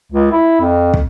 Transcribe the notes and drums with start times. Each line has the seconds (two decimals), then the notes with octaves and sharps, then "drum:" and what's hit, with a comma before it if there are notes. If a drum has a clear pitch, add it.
0.12 C#2
0.32 E4
0.60 F2
0.94 drum: kick